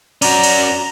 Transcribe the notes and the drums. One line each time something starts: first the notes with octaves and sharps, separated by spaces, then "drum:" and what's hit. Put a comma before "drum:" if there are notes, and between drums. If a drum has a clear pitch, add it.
C#4 F#4 D5 A#5, drum: cymbal
drum: cymbal